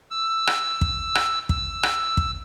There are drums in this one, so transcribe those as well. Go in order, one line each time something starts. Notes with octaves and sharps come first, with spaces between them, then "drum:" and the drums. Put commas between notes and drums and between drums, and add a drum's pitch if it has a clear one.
E6
drum: rim click
drum: kick
drum: rim click
E6, drum: kick
drum: rim click
drum: kick